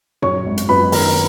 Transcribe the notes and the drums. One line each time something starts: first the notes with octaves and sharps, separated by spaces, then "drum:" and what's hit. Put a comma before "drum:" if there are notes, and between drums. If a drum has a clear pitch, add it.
F#2 C#5 C#6, drum: tom A#2
G#1
drum: hi-hat
F#2 B4 B5
D#3 A#4 A#5, drum: open hi-hat